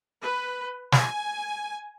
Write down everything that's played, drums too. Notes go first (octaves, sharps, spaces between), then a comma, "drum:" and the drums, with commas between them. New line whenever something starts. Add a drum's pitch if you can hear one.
B4
G#5, drum: snare